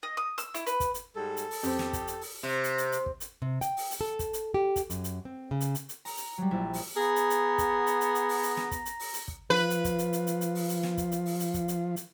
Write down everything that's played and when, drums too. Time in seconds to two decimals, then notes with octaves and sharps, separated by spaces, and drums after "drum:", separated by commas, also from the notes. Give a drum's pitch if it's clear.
0.03 D#5
0.17 D#6
0.38 E6, drum: hi-hat
0.55 E4, drum: hi-hat
0.67 B4, drum: hi-hat
0.80 drum: kick, hi-hat
0.94 drum: hi-hat
1.15 G#2 G3 G#4 A4
1.37 drum: hi-hat
1.51 drum: open hi-hat
1.63 F2 C4 G4, drum: hi-hat
1.79 drum: snare
1.93 drum: kick, hi-hat
2.07 drum: hi-hat
2.21 drum: open hi-hat
2.43 C3
2.64 drum: hi-hat
2.78 drum: hi-hat
2.92 drum: hi-hat
3.06 drum: kick
3.20 drum: hi-hat
3.42 C3
3.61 G5, drum: hi-hat
3.77 drum: open hi-hat
3.91 drum: hi-hat
4.01 A4
4.19 drum: kick, hi-hat
4.33 drum: hi-hat
4.54 G4
4.76 drum: kick, hi-hat
4.90 F#2, drum: hi-hat
5.04 drum: hi-hat
5.25 C4
5.51 C#3
5.60 drum: hi-hat
5.75 drum: hi-hat
5.89 drum: hi-hat
6.05 A#5, drum: open hi-hat
6.17 drum: hi-hat
6.38 F#3 G3
6.51 A#1 E4
6.74 drum: open hi-hat
6.96 B3 G#4 A#5
7.16 drum: hi-hat
7.30 drum: hi-hat
7.58 drum: kick, hi-hat
7.87 drum: hi-hat
8.01 drum: hi-hat
8.15 drum: hi-hat
8.29 drum: open hi-hat
8.43 drum: hi-hat
8.57 drum: snare
8.71 drum: kick, hi-hat
8.85 drum: hi-hat
9.00 drum: open hi-hat
9.14 drum: hi-hat
9.28 drum: kick
9.50 F3 B4
9.70 drum: hi-hat
9.84 drum: kick, hi-hat
9.98 drum: hi-hat
10.13 drum: hi-hat
10.27 drum: hi-hat
10.41 drum: hi-hat
10.55 drum: open hi-hat
10.69 drum: hi-hat
10.83 drum: snare
10.97 drum: kick, hi-hat
11.11 drum: hi-hat
11.26 drum: open hi-hat
11.40 drum: hi-hat
11.54 drum: kick, hi-hat
11.68 drum: hi-hat
11.96 drum: hi-hat